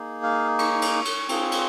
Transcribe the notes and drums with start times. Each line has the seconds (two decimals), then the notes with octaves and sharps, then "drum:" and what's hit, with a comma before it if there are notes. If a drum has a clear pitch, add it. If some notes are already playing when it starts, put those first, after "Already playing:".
Already playing: A#3 D#4 G#4
0.23 F5
0.59 C#6, drum: cymbal
0.82 drum: cymbal
1.05 drum: cymbal
1.29 C4 F4 G#4, drum: cymbal
1.52 drum: cymbal